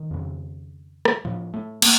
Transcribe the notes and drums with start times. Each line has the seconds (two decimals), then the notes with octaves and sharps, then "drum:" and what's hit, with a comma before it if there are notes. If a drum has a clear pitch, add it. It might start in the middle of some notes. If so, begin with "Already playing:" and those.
Already playing: D#3
0.11 F2 C#3
1.05 drum: rim click
1.25 A2 F3
1.54 A3
1.82 A#3, drum: cymbal